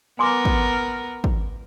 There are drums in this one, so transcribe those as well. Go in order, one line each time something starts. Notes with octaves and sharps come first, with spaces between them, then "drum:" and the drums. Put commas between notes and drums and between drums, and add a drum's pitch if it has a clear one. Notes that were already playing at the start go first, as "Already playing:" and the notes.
B3 A#4 G#5 C6 D6
drum: kick
drum: kick